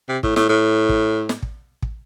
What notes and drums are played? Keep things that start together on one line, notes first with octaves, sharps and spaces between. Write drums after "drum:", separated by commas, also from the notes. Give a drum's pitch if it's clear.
C3
A2, drum: kick
A2, drum: snare
A2
drum: kick
drum: snare
drum: kick
drum: kick